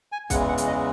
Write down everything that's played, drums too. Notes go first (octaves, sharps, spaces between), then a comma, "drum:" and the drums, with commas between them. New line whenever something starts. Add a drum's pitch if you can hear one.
G#5
E2 C#3 E3 G#3 F#5, drum: kick C2, hi-hat
F#5
drum: hi-hat
D#5